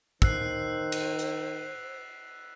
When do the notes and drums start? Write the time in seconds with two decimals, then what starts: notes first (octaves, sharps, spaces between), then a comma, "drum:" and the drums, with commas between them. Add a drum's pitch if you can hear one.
0.22 D#3 C5 E6 F#6 C7, drum: kick
0.92 drum: cymbal
1.19 drum: hi-hat